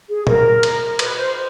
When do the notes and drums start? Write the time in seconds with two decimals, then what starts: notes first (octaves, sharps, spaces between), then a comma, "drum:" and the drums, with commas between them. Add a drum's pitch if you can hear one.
0.09 G#4
0.27 A#4, drum: tom A#2
0.63 drum: cymbal
0.99 B4, drum: cymbal
1.17 C5